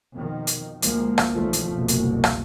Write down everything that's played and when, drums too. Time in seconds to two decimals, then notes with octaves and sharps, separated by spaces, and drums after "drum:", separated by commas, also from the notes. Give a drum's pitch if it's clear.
0.16 F2 B2 D#3
0.47 drum: hi-hat
0.82 D2 F3 G#3 A#3, drum: hi-hat
1.18 drum: rim click
1.33 B1 E2 D#3 F3 A3
1.53 drum: hi-hat
1.73 F#1 C2 B2
1.88 drum: hi-hat
2.24 drum: rim click